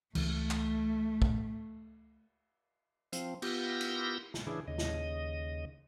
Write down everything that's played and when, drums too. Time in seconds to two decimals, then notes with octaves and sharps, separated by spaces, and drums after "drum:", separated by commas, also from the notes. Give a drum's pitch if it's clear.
0.15 C#2 E3 A3, drum: cymbal
0.51 drum: clap
1.22 drum: kick
3.13 F3 C4, drum: hi-hat
3.42 B3 F4 G4 E6 G6 A#6, drum: cymbal
3.81 drum: cymbal
4.34 drum: snare
4.47 C#3 E3 D4 E4 G#4
4.67 D#2 C#3 D#5
4.78 drum: snare